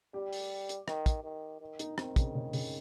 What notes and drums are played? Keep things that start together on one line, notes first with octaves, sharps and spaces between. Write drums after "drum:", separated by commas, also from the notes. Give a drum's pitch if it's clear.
G3 G4
drum: open hi-hat
drum: hi-hat
D#3, drum: rim click
drum: kick, hi-hat
D#3
D#3
D#4, drum: hi-hat
D#3 C4, drum: rim click
C#3, drum: kick, hi-hat
C#3
C#3, drum: open hi-hat